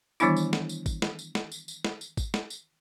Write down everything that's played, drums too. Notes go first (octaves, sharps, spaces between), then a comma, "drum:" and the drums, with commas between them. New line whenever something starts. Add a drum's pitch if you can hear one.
D#3 E3 G3 B3 D4 E4, drum: tambourine
drum: tambourine
drum: snare
drum: tambourine
drum: kick, tambourine
drum: snare
drum: tambourine
drum: snare
drum: tambourine
drum: tambourine
drum: snare
drum: tambourine
drum: kick, tambourine
drum: snare
drum: tambourine